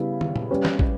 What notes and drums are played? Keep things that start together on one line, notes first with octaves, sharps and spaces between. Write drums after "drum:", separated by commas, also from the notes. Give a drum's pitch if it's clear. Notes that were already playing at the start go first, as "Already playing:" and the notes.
Already playing: C#3 G3 B3 E4
drum: tom
drum: tom
G3 C#4 G4 B4
drum: snare
drum: kick